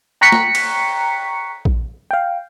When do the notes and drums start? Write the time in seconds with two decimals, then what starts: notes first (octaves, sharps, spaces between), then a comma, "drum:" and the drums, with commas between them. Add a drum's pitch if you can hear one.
0.21 G5 A#5 C#6 F#6 B6 C#7
0.32 drum: snare
0.55 drum: cymbal
1.65 drum: kick A#1
2.11 F5 G5